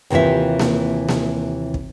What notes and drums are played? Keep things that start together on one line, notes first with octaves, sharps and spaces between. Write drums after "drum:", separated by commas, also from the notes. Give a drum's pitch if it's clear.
D#2 C3 E3 F4 E5
drum: snare A#3
drum: snare A#3
drum: kick